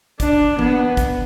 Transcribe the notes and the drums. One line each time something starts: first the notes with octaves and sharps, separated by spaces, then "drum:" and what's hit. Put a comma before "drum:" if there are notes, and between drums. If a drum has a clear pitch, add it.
D4, drum: kick G#1, hi-hat
B3, drum: tom E3
drum: kick G#1, hi-hat